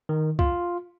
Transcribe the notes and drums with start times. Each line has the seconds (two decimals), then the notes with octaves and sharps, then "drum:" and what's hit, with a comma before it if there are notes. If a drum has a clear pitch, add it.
0.09 D#3
0.39 F4, drum: kick